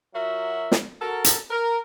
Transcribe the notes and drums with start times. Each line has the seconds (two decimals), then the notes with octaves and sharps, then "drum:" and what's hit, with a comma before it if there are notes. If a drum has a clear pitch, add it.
0.14 F#3 F4 F#4 A#4 E5
0.72 drum: snare
1.02 F#4 A4 A#4
1.24 drum: hi-hat
1.51 A#4